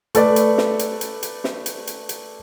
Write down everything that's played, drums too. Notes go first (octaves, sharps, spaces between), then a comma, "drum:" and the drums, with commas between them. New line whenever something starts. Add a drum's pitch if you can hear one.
A3 A4 B4 D5, drum: hi-hat
drum: hi-hat
drum: snare
drum: hi-hat
drum: hi-hat
drum: hi-hat
drum: snare
drum: hi-hat
drum: hi-hat
drum: hi-hat